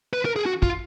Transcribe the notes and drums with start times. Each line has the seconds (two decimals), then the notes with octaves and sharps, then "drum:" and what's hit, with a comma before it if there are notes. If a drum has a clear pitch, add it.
0.13 B4
0.25 A#4
0.36 G#4
0.46 F#4
0.63 F4, drum: kick